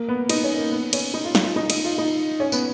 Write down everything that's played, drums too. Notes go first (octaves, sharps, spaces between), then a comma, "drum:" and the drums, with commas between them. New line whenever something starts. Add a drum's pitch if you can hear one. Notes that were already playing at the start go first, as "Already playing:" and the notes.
Already playing: A#3
B3
D#4, drum: cymbal
C#4
A#3
B3
C#4, drum: cymbal
D#4
F4
F4, drum: snare
F4
D#4
D#4, drum: cymbal
F4
D#4
C#4
B3, drum: tambourine